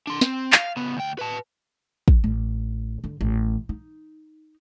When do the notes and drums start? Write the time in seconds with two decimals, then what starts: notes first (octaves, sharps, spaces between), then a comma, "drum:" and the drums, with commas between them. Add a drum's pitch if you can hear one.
0.07 D4 C6
0.21 C4, drum: snare
0.52 F5, drum: clap
0.77 C#3 B3
0.97 D2 G5
1.19 B4 A5
2.08 drum: kick
2.24 A1
3.04 D3
3.21 A1
3.69 D#4